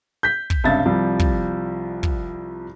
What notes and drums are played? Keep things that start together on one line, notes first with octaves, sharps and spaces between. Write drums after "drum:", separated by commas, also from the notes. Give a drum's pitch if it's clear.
G6 B6
drum: kick
C#2 G2 C3 E5 A6
C2 F3 G3
drum: kick
drum: kick